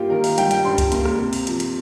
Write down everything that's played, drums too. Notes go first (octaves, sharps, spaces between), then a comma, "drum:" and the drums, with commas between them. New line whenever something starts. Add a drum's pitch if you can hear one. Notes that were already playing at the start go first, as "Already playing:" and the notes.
Already playing: G2 A#3 F4 G4
D#3 A#4
F5, drum: open hi-hat
G3 G5, drum: hi-hat
G5, drum: hi-hat
G2 C6
drum: kick C#2, hi-hat
A#3, drum: hi-hat
drum: rim click
C3
drum: open hi-hat
F3, drum: hi-hat
drum: hi-hat